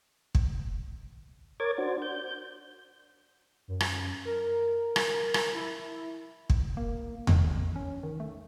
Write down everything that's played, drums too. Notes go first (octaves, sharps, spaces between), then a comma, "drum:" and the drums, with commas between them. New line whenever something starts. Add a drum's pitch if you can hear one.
drum: kick
A#4 C#5 D6 G#6 A6
D4 F#4 C5
G6
F#2
drum: rim click
A#4
drum: rim click
drum: rim click
E4
drum: kick
A#3
D1, drum: tom E2
A1
C#4
D#3
A3